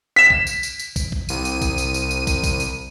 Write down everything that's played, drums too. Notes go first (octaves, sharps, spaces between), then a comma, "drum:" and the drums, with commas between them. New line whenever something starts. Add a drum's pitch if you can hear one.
B6 E7
drum: kick
drum: tambourine
drum: tambourine
drum: tambourine
drum: kick, tambourine
drum: kick
C2 D#7, drum: tambourine
drum: tambourine
drum: kick, tambourine
drum: tambourine
drum: tambourine
drum: tambourine
drum: kick, tambourine
drum: kick, tambourine
drum: tambourine